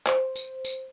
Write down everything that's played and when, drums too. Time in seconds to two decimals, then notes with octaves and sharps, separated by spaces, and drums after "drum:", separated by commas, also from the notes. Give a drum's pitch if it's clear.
0.07 C5, drum: clap
0.36 drum: tambourine
0.65 drum: tambourine